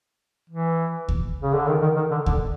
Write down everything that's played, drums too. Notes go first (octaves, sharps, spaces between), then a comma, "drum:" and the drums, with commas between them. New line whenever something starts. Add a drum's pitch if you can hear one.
E3
drum: kick D2
C#3
D3
D#3
D#3
D#3
D3
D3, drum: kick D2